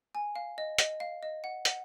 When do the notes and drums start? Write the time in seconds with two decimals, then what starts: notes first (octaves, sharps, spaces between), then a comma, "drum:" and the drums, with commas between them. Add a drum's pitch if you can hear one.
0.15 G#5
0.36 F5
0.58 D#5
0.78 D#5, drum: hi-hat
1.00 F5
1.23 D#5
1.44 F#5
1.65 F#5, drum: hi-hat